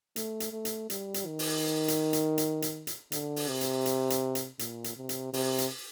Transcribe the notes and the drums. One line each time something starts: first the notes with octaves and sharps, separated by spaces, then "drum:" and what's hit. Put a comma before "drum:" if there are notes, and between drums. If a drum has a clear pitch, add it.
A3, drum: hi-hat
drum: hi-hat
A3
drum: hi-hat
G3, drum: hi-hat
drum: hi-hat
D#3
drum: open hi-hat
drum: hi-hat
drum: hi-hat
drum: hi-hat
drum: hi-hat
drum: hi-hat
D3, drum: hi-hat
drum: open hi-hat
C3
drum: hi-hat
drum: hi-hat
drum: hi-hat
drum: hi-hat
A#2, drum: hi-hat
drum: hi-hat
C3
drum: hi-hat
C3, drum: open hi-hat
drum: hi-hat